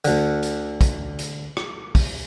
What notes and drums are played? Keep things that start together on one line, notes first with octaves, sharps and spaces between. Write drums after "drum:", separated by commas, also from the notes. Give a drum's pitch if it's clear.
D2 D3, drum: hi-hat
drum: hi-hat
drum: kick, hi-hat
drum: hi-hat
drum: rim click
drum: kick, open hi-hat